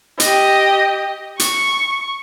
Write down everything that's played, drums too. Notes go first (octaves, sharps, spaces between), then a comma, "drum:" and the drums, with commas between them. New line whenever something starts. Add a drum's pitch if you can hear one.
G4 D#5, drum: hi-hat
C#6, drum: hi-hat